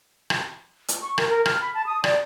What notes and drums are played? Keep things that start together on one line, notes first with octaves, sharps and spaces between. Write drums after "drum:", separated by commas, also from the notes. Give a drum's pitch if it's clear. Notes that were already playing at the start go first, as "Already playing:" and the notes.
drum: rim click
drum: hi-hat
C#6
A#4, drum: rim click
A#4
F6, drum: rim click
B5
A5
D#6
D5, drum: rim click